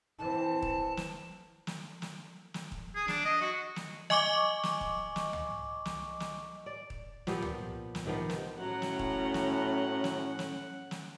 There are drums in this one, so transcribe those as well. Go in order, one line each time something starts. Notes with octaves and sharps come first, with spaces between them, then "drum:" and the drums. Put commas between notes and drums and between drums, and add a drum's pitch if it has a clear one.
E3 C4 A5
drum: kick D#1
drum: snare
drum: snare
drum: snare
drum: snare
drum: kick D#1
G#4
D4, drum: snare
D#5
F#4
drum: snare
D#5 G#5 C#6 D6, drum: snare
drum: snare
drum: kick D#1
drum: snare
drum: tom C#2
drum: snare
drum: snare
D5
drum: kick D#1
A#2 F3 B3 G4, drum: snare
drum: tom C#2
drum: snare
C3 D#3 F3 B3
drum: snare
A2 F#3 C#4 F#5
drum: snare
drum: kick D#1
drum: snare
drum: snare
drum: snare
drum: snare